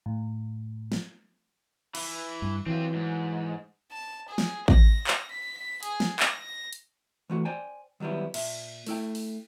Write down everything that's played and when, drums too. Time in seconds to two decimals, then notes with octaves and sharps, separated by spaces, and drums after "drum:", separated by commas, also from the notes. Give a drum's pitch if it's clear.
0.06 A2
0.92 drum: snare
1.95 E3, drum: cymbal
2.42 G2
2.66 E3 F#3 C4 F4
2.94 G#2
3.92 A5
4.28 G#4
4.38 drum: snare
4.68 A#6, drum: kick A1
5.07 drum: clap
5.31 B6
5.83 G#4, drum: hi-hat
6.00 drum: snare
6.20 A#6, drum: clap
6.73 drum: hi-hat
7.30 E3 A3 F#4
7.45 C5 D5 G5 G#5
8.00 D#3 F#3 G3 B3 E4
8.34 A#2 E5, drum: cymbal
8.87 A3 E4 G5, drum: open hi-hat
9.15 drum: open hi-hat